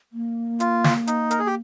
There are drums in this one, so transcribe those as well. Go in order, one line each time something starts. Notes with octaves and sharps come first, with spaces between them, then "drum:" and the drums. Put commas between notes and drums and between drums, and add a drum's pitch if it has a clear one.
A#3
F4, drum: hi-hat
drum: snare
D#4, drum: hi-hat
A#4, drum: hi-hat
G#4
G4